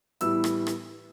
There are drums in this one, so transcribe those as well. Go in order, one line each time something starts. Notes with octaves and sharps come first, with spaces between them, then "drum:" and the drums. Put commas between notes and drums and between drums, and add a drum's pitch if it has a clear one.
A2 E3 G3 B3 E4 E6, drum: hi-hat
drum: rim click
drum: rim click